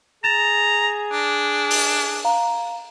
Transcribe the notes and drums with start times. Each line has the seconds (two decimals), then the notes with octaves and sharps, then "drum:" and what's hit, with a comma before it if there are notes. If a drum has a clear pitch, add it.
0.24 G#4 A#5 A6 E7
1.11 D4
1.71 drum: open hi-hat
2.25 F5 A#5